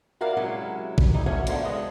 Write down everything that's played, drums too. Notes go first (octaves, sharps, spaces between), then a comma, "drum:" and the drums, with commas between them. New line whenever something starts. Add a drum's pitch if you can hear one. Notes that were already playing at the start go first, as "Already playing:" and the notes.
E4 F#4 A#4 D5 F5
C3 F#3 G#3 C#4 E4
drum: kick G#1
G3 D#4 E4
D2 C#3 F#3 A3 C#4 G#5
B2 D3 D#3 F3 G#3 A3, drum: hi-hat
G#3 D4 G#4 B4 D#5